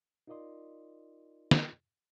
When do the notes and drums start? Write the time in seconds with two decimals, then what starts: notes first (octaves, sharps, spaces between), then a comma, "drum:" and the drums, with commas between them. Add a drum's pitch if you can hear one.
0.27 D#4 F4 A#4 D5 D#5 C6
1.51 drum: snare